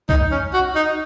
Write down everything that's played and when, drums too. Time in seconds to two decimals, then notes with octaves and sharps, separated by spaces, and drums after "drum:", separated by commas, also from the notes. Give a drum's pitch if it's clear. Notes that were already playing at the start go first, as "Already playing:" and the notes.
0.09 D#4, drum: kick
0.31 C#4
0.53 F#4
0.75 D#4